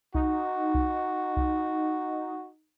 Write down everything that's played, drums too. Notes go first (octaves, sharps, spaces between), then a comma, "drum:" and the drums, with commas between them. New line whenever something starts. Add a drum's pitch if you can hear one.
D#4 F#4, drum: kick B1
drum: kick B1
drum: kick B1